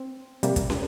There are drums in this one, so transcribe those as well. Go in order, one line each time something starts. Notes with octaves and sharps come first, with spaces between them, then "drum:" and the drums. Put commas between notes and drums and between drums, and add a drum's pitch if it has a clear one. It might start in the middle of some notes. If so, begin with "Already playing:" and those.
Already playing: C4
C3 G3 A#3, drum: hi-hat
drum: kick, hi-hat
drum: snare